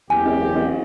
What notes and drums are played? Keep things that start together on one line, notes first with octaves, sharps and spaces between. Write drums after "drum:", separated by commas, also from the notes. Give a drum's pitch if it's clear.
F#1 E2 G4 G#5
drum: cymbal
drum: cymbal